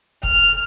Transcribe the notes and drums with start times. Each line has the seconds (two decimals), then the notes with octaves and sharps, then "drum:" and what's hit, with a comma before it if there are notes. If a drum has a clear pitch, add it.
0.23 F6, drum: kick